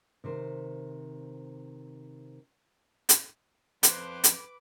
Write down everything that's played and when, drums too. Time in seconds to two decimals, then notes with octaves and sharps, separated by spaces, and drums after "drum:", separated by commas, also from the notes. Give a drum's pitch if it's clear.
0.24 C3 D#3 C5
3.09 drum: hi-hat
3.83 F2 B4 C5 D6 F#6, drum: hi-hat
4.24 drum: hi-hat